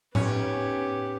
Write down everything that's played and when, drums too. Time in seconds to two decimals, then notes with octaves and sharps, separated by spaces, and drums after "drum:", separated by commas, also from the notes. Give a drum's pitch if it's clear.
0.15 B3 C#4 G4, drum: tom A2